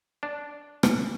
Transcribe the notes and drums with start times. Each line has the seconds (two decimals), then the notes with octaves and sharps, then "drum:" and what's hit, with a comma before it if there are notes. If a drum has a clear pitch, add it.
0.23 D4
0.83 drum: rim click